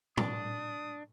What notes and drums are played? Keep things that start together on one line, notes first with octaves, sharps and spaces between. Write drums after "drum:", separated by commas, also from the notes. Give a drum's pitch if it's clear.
D4 D#6, drum: tom A2